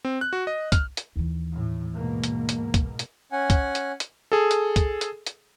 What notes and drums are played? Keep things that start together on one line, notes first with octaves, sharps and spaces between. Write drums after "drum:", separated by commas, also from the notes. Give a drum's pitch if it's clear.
C4
F#6
F#4
D#5
F6, drum: kick, hi-hat
drum: hi-hat
D#2 E3
A2
G#2 B2 A#3
drum: hi-hat
drum: hi-hat
drum: kick, hi-hat
drum: hi-hat
C#4 F#5 G#5
drum: kick, hi-hat
drum: hi-hat
drum: hi-hat
G#4 A4
drum: hi-hat
drum: kick, hi-hat
drum: hi-hat
drum: hi-hat